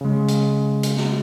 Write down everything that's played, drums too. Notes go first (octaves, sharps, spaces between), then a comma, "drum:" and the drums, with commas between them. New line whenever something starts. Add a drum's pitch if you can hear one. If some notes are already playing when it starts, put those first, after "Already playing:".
C#3 G#3
drum: hi-hat
drum: hi-hat
drum: snare